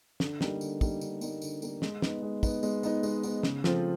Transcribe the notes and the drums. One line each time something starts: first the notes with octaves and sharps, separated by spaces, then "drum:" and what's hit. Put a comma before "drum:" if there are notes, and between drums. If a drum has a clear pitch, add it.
D3, drum: snare
G3 A#3 D#4, drum: snare
D3, drum: tambourine
G3 A#3 D#4, drum: kick, tambourine
D3, drum: tambourine
G3 A#3 D#4, drum: tambourine
D3, drum: tambourine
G3 A#3 D#4, drum: tambourine
G#3, drum: snare
B3 D#4, drum: snare
G#3
B3 D#4, drum: kick, tambourine
G#3, drum: tambourine
B3 D#4, drum: tambourine
G#3, drum: tambourine
B3 D#4, drum: tambourine
C#3, drum: snare
F3 A3 C4 F4, drum: snare